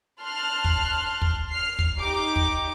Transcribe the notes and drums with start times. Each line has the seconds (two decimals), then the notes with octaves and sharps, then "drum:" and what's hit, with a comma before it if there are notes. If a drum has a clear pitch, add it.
0.22 A5 C6 F6 F#6
0.64 drum: kick
1.22 drum: kick
1.50 F6 C7
1.79 drum: kick
1.97 D#4 G4 D6
2.36 drum: kick